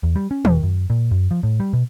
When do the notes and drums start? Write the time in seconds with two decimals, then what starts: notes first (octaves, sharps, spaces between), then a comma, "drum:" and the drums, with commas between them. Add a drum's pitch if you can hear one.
0.03 E2
0.15 G3
0.31 C#4
0.45 E1, drum: tom D#3
0.63 F#2
0.90 A#2
1.11 F#2
1.31 F3
1.43 A2
1.60 G3
1.73 B2